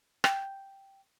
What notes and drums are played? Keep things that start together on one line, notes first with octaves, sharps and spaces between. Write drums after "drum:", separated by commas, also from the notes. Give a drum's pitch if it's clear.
G5, drum: rim click